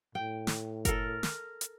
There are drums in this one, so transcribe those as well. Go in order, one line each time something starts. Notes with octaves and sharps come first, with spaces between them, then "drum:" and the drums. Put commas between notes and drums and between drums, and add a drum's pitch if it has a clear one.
A2 G5
drum: snare
A4 A#4, drum: kick F#1, hi-hat
drum: snare
drum: hi-hat